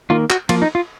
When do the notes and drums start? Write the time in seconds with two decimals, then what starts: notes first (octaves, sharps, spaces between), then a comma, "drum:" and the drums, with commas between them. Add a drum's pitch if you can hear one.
0.10 D#3 A#3 F4
0.30 F#4, drum: clap
0.49 F3 A#3 F4, drum: cymbal
0.62 D#4
0.75 F4